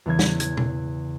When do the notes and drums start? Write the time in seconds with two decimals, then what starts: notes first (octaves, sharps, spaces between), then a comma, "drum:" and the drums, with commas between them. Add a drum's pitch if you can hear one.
0.06 E2 C#3 E3 G#6
0.19 drum: snare
0.40 G#6, drum: hi-hat
0.57 drum: tom B2